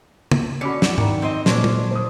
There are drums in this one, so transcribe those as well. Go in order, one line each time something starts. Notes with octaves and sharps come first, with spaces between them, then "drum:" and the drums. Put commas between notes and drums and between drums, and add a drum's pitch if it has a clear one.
drum: tom
D3 C#4 F#4 B5 D6 C#7
E3 B3, drum: snare
D#3 D5 A#5, drum: tom
C4 C5 D#5
A#2 D3 F#3 C#4 D4 B4 C5 C6, drum: snare
drum: tom
C5 D#6